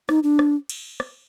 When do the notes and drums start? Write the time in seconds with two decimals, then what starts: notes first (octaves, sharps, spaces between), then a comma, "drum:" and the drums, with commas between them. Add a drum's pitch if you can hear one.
0.09 D#4, drum: rim click
0.23 D4
0.39 drum: rim click
0.69 drum: cymbal
1.00 drum: rim click